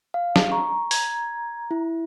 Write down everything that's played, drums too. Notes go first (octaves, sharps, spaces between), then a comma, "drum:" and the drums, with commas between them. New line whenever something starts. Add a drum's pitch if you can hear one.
F5
drum: snare
A#5 C#6
G#6, drum: open hi-hat
E4